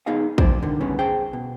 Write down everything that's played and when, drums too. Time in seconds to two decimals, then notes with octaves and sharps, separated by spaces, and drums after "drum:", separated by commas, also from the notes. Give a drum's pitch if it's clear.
0.06 B3 D#4 G#4 D#5 F5
0.38 F2 C5 D5, drum: kick
0.63 D3 D#3
0.81 G2 C#3 B3 C#4
0.99 G#4 C5 G5
1.33 B2